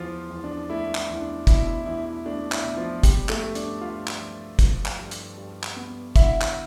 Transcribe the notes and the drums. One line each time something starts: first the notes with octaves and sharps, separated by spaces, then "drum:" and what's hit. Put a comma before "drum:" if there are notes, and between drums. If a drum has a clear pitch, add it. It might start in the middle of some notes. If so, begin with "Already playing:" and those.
Already playing: E2 F3 F4
E2
D4
A3 E4
E4, drum: clap
E2
D4
B2 E4, drum: kick, hi-hat
E4
E2 E4
E4
A3 D4
E4, drum: clap
B2
F3 F4
F3 G3 G4, drum: kick, hi-hat
A3 A4, drum: clap
G2
D4 D5, drum: hi-hat
G2 F4 F5
drum: clap
F3
F3, drum: kick, hi-hat
drum: clap
G2
drum: hi-hat
G2
drum: clap
B3
D3 E4 E5, drum: kick, hi-hat
drum: clap